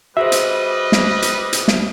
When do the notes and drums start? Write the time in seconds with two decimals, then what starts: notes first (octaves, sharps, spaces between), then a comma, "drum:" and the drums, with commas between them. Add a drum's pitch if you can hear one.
0.17 G3 F#4 G#4 B4 C5 D#5 E5
0.32 drum: hi-hat
0.92 drum: snare
1.22 drum: hi-hat
1.53 drum: hi-hat
1.68 drum: snare